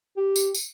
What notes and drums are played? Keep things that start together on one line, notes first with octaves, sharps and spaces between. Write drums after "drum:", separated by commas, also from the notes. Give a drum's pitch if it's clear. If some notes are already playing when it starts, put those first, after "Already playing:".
G4
drum: tambourine
drum: tambourine